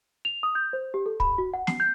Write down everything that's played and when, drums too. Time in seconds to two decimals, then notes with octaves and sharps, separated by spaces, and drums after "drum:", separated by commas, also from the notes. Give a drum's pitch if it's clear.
0.25 F7
0.43 D#6
0.55 G6
0.73 C5
0.94 G4
1.06 A4
1.20 B5, drum: kick
1.38 F#4
1.54 F#5
1.67 C7, drum: snare
1.80 G6